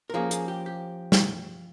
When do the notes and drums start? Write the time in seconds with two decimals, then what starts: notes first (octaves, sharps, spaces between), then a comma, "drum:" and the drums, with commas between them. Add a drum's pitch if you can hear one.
0.10 A#4
0.14 F3 A#3 C#4 G#4
0.31 G#4, drum: hi-hat
0.48 G4
0.66 G4
1.12 drum: snare